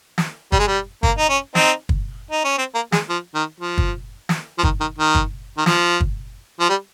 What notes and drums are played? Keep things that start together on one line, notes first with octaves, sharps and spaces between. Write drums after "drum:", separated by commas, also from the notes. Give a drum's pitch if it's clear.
drum: snare
G3, drum: kick
G#3
G3
A#3, drum: kick
D#4
C#4
C4 D#4, drum: snare
drum: kick
D#4
C#4
C4
A#3
G#3, drum: snare
F3
D#3
F3
drum: kick
drum: snare
F3
D#3, drum: kick
D#3
D#3
drum: kick
D#3
F3, drum: snare
drum: kick
F3
G3